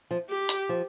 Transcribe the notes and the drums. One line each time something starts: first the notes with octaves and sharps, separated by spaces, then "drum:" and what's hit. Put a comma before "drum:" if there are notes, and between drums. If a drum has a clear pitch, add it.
F3
G4
drum: hi-hat
F3